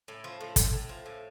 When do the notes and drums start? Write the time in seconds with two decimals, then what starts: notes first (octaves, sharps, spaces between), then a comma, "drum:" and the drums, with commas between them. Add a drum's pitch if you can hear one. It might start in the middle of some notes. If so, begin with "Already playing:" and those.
0.08 A2
0.24 F3
0.41 A2
0.56 A2, drum: kick, hi-hat
0.73 A2
0.89 F3
1.06 A2